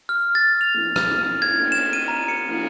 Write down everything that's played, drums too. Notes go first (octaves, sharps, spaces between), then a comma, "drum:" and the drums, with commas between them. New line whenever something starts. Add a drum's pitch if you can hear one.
F6
A6
F7
drum: cymbal
F6, drum: rim click
drum: cymbal
G#6
drum: cymbal
E7
D#7
A#5
C#7
drum: cymbal